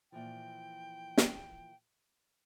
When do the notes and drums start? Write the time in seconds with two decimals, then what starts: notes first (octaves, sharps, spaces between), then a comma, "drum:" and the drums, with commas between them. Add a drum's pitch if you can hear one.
0.12 A#2 E3 F3 G5
1.18 drum: snare